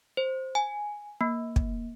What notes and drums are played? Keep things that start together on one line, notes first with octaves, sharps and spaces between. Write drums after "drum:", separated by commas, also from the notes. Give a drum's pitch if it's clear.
C5
G#5
A#3
drum: kick